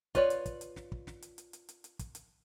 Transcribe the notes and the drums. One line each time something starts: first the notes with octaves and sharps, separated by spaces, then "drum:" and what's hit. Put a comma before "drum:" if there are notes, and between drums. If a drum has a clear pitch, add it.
F4 B4 C#5 D5, drum: kick, hi-hat
drum: hi-hat
drum: kick, hi-hat
drum: hi-hat
drum: snare
drum: kick
drum: snare
drum: hi-hat
drum: hi-hat
drum: hi-hat
drum: hi-hat
drum: hi-hat
drum: kick, hi-hat
drum: hi-hat